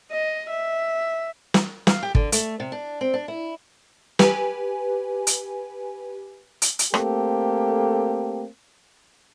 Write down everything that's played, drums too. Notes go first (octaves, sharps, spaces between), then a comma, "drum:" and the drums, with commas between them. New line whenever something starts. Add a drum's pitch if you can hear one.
D#5
E5
drum: snare
F5, drum: snare
G4
D3, drum: kick
A3, drum: hi-hat
C3
D4
C4
D4
E4
G4 B4 G#5, drum: snare
drum: hi-hat
drum: hi-hat
drum: hi-hat
A3 A#3 C4 G4 A4, drum: rim click